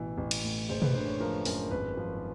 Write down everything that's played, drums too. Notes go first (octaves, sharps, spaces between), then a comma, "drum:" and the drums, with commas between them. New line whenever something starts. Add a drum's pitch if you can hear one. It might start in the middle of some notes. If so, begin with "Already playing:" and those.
Already playing: A1 B2 E3
A1
drum: cymbal
A2
F#1 C5
B4, drum: tom B2
D3 C5
C#5
F3 A#4
F#2 A#4, drum: open hi-hat
G#1 B4
F3